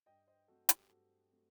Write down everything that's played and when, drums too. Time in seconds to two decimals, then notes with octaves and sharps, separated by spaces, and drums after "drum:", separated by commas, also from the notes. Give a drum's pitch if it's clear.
0.06 G2 D#5 G5
0.27 C5 D#5
0.48 F#3 A3 C4 F#4 A4
0.69 G4, drum: hi-hat
0.89 G2 F#4 A4
1.31 F#3 A3 C4